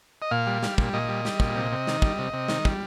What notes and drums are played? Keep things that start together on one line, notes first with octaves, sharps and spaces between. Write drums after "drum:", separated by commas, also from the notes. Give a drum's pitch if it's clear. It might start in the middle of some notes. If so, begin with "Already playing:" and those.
D#5
A#2 F5
G3
G3, drum: snare
A#2, drum: kick
A#2 D#5
G3
G3, drum: snare
A#2, drum: kick
C3
C3
D#3, drum: snare
G3, drum: kick
C3
C3
D#3, drum: snare
G3, drum: kick